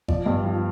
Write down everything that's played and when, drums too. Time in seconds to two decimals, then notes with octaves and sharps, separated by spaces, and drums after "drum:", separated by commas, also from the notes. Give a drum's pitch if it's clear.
0.08 F3 D5, drum: kick G#1
0.26 G2
0.45 F3